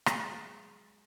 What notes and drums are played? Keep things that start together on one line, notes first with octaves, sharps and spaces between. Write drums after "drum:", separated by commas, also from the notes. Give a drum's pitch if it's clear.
F#3, drum: rim click
G#3